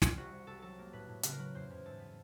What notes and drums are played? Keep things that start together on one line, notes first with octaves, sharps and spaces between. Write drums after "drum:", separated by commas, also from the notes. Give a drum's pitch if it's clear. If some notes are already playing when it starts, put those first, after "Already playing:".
G3 F4, drum: snare
C2 F#4
C2
C2 A4
F#3 A4
A#3
A2 B4
A2
C#3 B4, drum: hi-hat
A#4
F#3 B4
E2 C5
E2
G#2 A4
B3